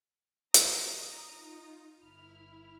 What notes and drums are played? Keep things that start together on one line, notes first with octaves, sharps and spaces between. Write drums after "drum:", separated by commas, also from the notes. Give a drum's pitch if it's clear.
A#5 D#6, drum: hi-hat
D#4 F4
G1 E4 B5 F6